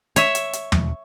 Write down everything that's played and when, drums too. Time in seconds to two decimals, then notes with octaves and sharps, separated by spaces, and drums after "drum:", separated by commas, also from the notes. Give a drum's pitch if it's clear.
0.16 C#5 E5, drum: hi-hat
0.35 drum: hi-hat
0.53 drum: hi-hat
0.72 drum: tom